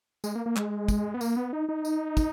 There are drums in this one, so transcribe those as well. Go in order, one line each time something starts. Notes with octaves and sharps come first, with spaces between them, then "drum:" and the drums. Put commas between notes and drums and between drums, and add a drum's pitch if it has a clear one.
G#3, drum: tambourine
A#3
A#3
G#3, drum: clap
drum: kick, tambourine
B3
A#3, drum: tambourine
B3
D#4
D#4
drum: tambourine
drum: kick, tambourine